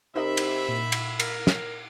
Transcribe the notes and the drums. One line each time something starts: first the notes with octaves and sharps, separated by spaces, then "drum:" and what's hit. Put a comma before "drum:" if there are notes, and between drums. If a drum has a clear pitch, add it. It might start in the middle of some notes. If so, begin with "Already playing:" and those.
C3 D#4 A#4 D#5 E5 B5
drum: cymbal
A#2
drum: cymbal
A#4, drum: cymbal
drum: snare